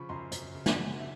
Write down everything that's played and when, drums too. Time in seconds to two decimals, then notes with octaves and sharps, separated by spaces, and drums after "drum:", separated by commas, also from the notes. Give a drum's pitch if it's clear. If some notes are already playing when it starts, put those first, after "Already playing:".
Already playing: C#3 F3 B5 C#6
0.09 F#2 A#5 C6
0.32 F#2, drum: hi-hat
0.55 C#3
0.66 E5 F#5, drum: snare
0.78 C#3
1.00 E5